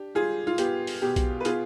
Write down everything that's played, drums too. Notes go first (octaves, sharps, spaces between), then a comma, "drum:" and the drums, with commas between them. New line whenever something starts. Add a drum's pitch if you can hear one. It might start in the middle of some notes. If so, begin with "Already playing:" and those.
Already playing: D4 G4
G3 F4 G#4
F4
B3 G4, drum: hi-hat
drum: open hi-hat
B2 G4
drum: kick B1, hi-hat
B4
B3 F4 G#4, drum: hi-hat